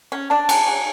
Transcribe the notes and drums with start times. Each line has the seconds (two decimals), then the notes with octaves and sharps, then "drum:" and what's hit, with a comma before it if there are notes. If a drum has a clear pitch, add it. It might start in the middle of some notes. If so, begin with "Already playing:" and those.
0.12 C#4
0.30 D4 A5
0.49 F#3 G#5, drum: cymbal
0.67 F#3 G#5